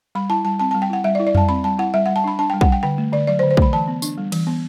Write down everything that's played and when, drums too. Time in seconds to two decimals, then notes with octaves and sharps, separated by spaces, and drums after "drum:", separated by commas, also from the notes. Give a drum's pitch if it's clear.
0.15 G3 B5
0.30 E4 A5
0.44 G3 A5
0.59 C4 A5
0.71 G3 A5
0.82 G5
0.90 E4 F#5
1.04 G3 E5
1.15 D5
1.20 E4
1.27 D5
1.35 G3 A5, drum: tom F2
1.49 C4 B5
1.64 G3 A5
1.78 E4 F#5
1.94 G3 E5
2.06 G3 F#5
2.16 A5
2.24 D4 B5
2.39 D4 A5
2.50 G3 G5
2.61 F#5, drum: kick
2.68 G3 G5
2.83 D3 G5
2.98 A3
3.13 D3 D5
3.27 F#3 D5
3.39 C5
3.43 D3
3.51 C5
3.57 A3 B5, drum: kick
3.73 E3 A5
3.88 B3
4.02 D4, drum: tambourine
4.18 G3
4.32 E3, drum: cymbal
4.47 B3